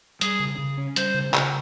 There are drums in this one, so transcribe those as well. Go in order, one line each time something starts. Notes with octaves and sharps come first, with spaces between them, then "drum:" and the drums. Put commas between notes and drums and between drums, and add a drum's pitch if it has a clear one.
G3 G#4, drum: hi-hat
C#3
C#3
C#4
G3 C5, drum: hi-hat
C#3
C#3, drum: clap